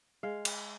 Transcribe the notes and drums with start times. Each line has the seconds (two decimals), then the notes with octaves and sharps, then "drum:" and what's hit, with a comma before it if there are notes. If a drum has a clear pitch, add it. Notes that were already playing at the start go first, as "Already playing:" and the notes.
0.23 G#3 F5
0.45 drum: cymbal